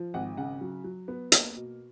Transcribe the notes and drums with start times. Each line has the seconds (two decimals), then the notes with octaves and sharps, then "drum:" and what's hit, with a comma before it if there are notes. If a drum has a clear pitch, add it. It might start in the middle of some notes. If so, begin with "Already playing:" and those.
Already playing: F3
0.14 G#1 F#5
0.37 C#3 F#5
0.61 F#3
0.84 F#3
1.08 B3
1.32 A#3 D#5, drum: hi-hat
1.55 B2